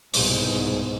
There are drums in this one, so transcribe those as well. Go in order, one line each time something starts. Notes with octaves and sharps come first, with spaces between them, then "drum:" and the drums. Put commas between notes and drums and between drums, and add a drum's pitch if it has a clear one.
C2 G#2 B2, drum: open hi-hat